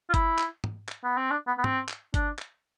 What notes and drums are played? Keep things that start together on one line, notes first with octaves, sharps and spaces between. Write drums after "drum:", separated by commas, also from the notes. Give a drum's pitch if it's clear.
F4
E4, drum: kick G1, hi-hat
drum: clap
drum: tom
drum: clap
B3
C4
D4
B3
B3
C4, drum: tom
drum: clap
D4, drum: kick G1, hi-hat
drum: clap